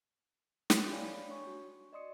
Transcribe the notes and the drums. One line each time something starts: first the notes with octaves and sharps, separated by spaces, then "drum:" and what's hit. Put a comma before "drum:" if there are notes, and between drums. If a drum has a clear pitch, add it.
C6, drum: snare
C#5 D5 F5 G5 G#5 B5
D4 C#5 C#6
F#4
D5 D#5 C6 D#6 C#7